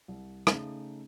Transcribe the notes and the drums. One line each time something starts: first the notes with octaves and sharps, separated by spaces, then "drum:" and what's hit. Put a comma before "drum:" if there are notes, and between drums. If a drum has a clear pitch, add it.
C2
C#3 A3 D#4 G#4, drum: rim click